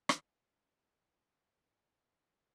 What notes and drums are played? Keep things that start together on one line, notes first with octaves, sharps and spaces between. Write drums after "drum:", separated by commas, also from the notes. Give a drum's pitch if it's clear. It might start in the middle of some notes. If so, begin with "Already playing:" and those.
drum: rim click
D5 A5
C5 F5 G#5